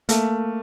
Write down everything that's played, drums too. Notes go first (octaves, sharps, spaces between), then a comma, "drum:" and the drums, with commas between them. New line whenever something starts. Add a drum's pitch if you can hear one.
A3 A#3, drum: hi-hat